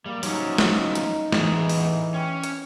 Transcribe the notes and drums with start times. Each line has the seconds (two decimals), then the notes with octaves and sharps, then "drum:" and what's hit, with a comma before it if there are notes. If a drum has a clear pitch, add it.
0.06 G3 A#3
0.23 F3 F#3 C#4 D#4, drum: open hi-hat
0.58 drum: snare
0.95 drum: hi-hat
1.32 E2 A2 E3 G#4, drum: snare
1.69 drum: open hi-hat
2.14 C#4 G5
2.44 drum: hi-hat